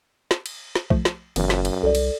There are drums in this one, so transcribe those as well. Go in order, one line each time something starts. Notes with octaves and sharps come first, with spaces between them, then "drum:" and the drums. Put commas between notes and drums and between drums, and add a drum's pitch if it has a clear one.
drum: snare
drum: cymbal
drum: snare
B1 F3 A3, drum: kick
drum: snare
F#1 F#2 E3 B3, drum: cymbal
drum: snare
drum: cymbal
C2 A4 D5
drum: cymbal